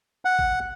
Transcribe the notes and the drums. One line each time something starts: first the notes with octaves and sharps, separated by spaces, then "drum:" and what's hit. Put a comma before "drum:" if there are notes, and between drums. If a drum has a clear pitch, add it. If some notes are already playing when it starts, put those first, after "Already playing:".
F#5
drum: kick